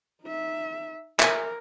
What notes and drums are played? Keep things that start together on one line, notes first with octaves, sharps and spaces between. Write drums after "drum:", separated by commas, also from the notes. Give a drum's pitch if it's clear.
D#4 E5
A#4 E5 G#5, drum: clap